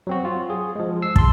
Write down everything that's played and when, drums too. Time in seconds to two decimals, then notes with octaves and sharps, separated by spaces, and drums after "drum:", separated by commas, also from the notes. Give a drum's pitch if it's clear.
0.07 F#3 C4 F#4
0.25 F4
0.50 G#4
0.75 F3 G#3
1.02 E6 C7
1.16 A5 C6, drum: kick